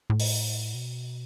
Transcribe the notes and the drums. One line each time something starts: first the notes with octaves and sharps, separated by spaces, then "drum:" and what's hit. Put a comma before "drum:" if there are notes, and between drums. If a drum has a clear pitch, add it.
A2
drum: open hi-hat
B2